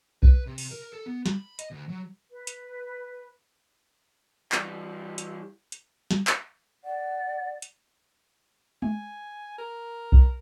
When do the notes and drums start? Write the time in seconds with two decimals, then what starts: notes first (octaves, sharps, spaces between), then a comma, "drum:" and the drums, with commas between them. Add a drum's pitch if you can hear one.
0.23 B4, drum: kick B1
0.46 C3
0.58 drum: open hi-hat
0.71 A#4
0.93 A4
1.06 B3
1.26 B5, drum: snare
1.59 D#5, drum: hi-hat
1.71 D2
1.89 F#3
2.32 B4
2.47 drum: hi-hat
4.52 E3 G3, drum: clap
5.18 drum: hi-hat
5.72 drum: hi-hat
6.11 drum: snare
6.27 drum: clap
6.84 D5 F#5
7.62 drum: hi-hat
8.82 G#5, drum: tom G#3
9.58 A#4
10.12 drum: kick B1